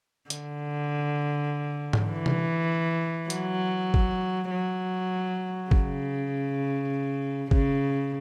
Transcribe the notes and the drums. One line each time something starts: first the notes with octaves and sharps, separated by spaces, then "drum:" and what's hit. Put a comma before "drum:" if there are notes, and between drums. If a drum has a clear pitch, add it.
D3, drum: hi-hat
drum: tom G#2
E3
drum: tom C3
F#3, drum: hi-hat
drum: kick G#1
F#3
C#3, drum: kick G#1
C#3, drum: kick G#1